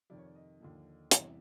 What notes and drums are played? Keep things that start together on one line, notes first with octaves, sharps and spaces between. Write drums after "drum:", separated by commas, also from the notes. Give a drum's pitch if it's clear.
F2 C3 D#3 D5
C#5
D5
D#5
D#2 D3 F3
E2 C3 E3 G3, drum: hi-hat